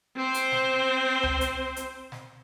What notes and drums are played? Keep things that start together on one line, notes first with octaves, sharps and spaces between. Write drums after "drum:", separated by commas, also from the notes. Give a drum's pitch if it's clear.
C4 C5
drum: hi-hat
drum: snare
drum: tom C#2
drum: hi-hat
drum: hi-hat
drum: snare